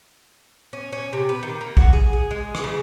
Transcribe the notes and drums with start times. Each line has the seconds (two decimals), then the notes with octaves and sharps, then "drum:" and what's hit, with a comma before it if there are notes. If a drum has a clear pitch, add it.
0.73 C#4
0.92 C#4
1.13 C3
1.29 B4
1.43 D#3
1.61 A#3
1.77 F#4, drum: kick A#1
1.93 G#4
2.13 G#4
2.31 G#3
2.55 drum: rim click
2.64 C#3